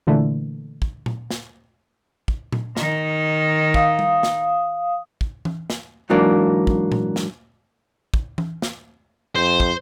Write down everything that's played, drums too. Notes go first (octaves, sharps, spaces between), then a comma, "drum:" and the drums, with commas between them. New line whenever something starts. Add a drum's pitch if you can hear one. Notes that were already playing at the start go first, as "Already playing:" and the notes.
A#2 D3 E3 A3
drum: kick
drum: tom A#2
drum: snare
drum: kick
drum: tom A#2
D#3 D#4, drum: snare
F5 D#6, drum: kick
drum: tom G3
drum: snare
drum: kick
drum: tom E3
drum: snare
G#2 E3 F#3 A#3 D4
drum: kick
drum: tom A#2
drum: snare
drum: kick
drum: tom E3
drum: snare
F2 C5
drum: kick